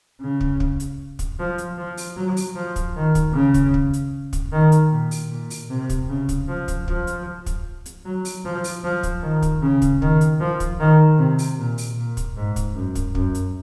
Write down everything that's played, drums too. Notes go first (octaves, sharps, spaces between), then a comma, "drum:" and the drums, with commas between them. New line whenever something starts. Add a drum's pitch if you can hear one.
C#3
drum: kick
drum: kick
drum: hi-hat
drum: kick, hi-hat
F3
drum: hi-hat
F3
drum: open hi-hat
F#3
drum: open hi-hat
F3
drum: kick, hi-hat
D#3
drum: kick, hi-hat
C#3
drum: kick, hi-hat
drum: kick
drum: hi-hat
drum: kick, hi-hat
D#3
drum: hi-hat
A#2
drum: open hi-hat
A#2
drum: open hi-hat
C3
drum: kick, hi-hat
C#3
drum: kick, hi-hat
F3
drum: kick, hi-hat
F3, drum: kick
drum: hi-hat
drum: kick, hi-hat
drum: hi-hat
F#3
drum: open hi-hat
F3
drum: open hi-hat
F3
drum: kick, hi-hat
D#3
drum: kick, hi-hat
C#3
drum: kick, hi-hat
D#3, drum: kick
drum: hi-hat
F3
drum: kick, hi-hat
D#3
C3
drum: open hi-hat
A#2
drum: open hi-hat
A#2
drum: kick, hi-hat
G#2
drum: kick, hi-hat
F#2
drum: kick, hi-hat
F#2, drum: kick
drum: hi-hat